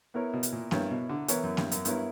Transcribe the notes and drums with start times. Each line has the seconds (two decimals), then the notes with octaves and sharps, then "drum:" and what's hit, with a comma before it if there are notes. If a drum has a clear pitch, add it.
0.14 B3 E4 A#4 C#5
0.33 B2
0.43 drum: hi-hat
0.52 A#2
0.71 G2 B3 E4 A#4 C#5, drum: snare A#3
0.91 B2
1.09 D3
1.28 E3 B3 E4 A#4 C#5, drum: hi-hat
1.43 F#2
1.57 G2, drum: snare A#3
1.72 F#2, drum: hi-hat
1.85 G2 B3 E4 A#4 C#5, drum: hi-hat